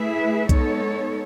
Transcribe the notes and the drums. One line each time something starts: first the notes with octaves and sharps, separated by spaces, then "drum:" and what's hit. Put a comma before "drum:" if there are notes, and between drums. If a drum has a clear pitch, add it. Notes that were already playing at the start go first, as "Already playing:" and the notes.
Already playing: A3 E4 G#4 B4 E5
G#3 B3 D#4 A4 C#5, drum: kick B1, hi-hat